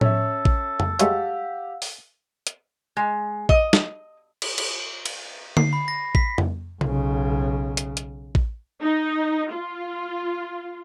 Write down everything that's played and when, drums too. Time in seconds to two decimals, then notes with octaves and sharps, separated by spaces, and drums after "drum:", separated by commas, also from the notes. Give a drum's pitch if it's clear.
0.01 C#4 A4 E5, drum: tom A2
0.45 drum: kick A1
0.80 drum: tom F2
0.99 F#3 G#3 A3 G4 F5 F#5 E6, drum: hi-hat
1.82 drum: open hi-hat
2.47 drum: hi-hat
2.97 G#3
3.49 D#5, drum: kick A1
3.73 drum: snare
4.42 drum: cymbal
4.58 drum: cymbal
5.06 drum: cymbal
5.57 C7, drum: tom D3
5.73 B5
5.88 A#6
6.15 B6, drum: kick A1
6.38 drum: tom F2
6.81 B1 C#3, drum: tom C3
7.77 drum: hi-hat
7.97 drum: hi-hat
8.35 drum: kick A1
8.82 D#4
9.52 F4